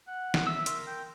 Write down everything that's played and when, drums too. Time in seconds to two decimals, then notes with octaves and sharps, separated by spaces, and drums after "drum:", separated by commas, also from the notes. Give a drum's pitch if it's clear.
0.08 F#5
0.34 drum: snare
0.47 E5 E6
0.66 A#4 C6, drum: hi-hat
0.87 G5